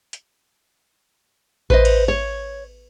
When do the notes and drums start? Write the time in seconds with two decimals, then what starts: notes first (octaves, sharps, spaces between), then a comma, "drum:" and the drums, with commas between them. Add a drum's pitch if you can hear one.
0.13 drum: hi-hat
1.70 B4 C5 D#5, drum: kick A1
1.85 drum: cymbal
2.08 C#5